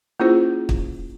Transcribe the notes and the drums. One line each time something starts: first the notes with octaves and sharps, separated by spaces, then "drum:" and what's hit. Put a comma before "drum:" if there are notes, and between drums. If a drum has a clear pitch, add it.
A#3 C#4 E4 F4 G#4 C5
drum: kick